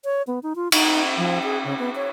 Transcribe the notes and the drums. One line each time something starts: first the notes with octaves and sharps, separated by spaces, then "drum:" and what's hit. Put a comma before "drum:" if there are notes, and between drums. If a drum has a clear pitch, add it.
C#5
B3
D#4
F4
D#4, drum: cymbal
F3
G#4
C#3
B3
C#5